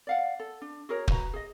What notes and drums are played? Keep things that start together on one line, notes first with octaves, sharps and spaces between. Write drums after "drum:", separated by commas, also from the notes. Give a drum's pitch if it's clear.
D5 F5 F#5
A4
D4
F#4 G#4 A#4 C#5
F#4 B4 E5 A#5, drum: kick
G#4 D#5